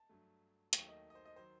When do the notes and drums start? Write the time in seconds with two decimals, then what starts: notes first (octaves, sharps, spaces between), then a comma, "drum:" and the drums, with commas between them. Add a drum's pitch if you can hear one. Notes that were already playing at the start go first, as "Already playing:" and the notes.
Already playing: A5
0.09 G2 F#3 A3
0.73 D#2 D#3 F#3 A3 G5, drum: hi-hat
0.89 D#5
1.10 D#5
1.15 C5
1.26 D#5
1.36 D#3 F#3 C5